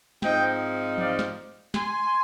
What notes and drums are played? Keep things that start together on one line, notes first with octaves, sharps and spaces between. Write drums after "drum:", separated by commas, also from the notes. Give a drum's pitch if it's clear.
G#2 F3 C4 D#4 D#5 G5, drum: snare
D5 F5, drum: tom E3
drum: snare
G#5 C6, drum: snare